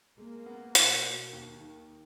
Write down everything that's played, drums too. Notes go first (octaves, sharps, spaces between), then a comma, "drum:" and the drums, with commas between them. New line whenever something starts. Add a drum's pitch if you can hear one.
G#3 A#3
B3
B2, drum: hi-hat
B2
D#2
D#3